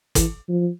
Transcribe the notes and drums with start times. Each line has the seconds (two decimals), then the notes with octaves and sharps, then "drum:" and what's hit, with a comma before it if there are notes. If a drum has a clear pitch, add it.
0.15 E3, drum: kick, hi-hat
0.49 F3